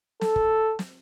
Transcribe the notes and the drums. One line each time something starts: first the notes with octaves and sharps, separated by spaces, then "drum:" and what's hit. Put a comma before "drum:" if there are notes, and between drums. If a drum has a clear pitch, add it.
A4, drum: snare
drum: kick
drum: snare